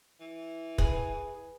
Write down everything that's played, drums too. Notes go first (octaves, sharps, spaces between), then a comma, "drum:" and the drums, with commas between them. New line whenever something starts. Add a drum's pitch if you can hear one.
E3
G#4 B4, drum: kick